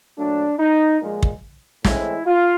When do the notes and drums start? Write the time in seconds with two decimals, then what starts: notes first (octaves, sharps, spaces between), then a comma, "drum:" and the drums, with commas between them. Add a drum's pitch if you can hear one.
0.17 A#2 F#3 A3 D4
0.59 D#4
1.01 A#2 F3 G#3
1.23 drum: kick
1.85 A2 E3 G#3 C4 E4, drum: snare
2.27 F4